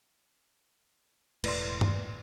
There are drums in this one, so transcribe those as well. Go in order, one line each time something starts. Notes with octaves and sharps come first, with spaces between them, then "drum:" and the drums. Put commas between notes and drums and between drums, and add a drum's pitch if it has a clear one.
E1 A2 B4 D5 C6, drum: cymbal
drum: tom G2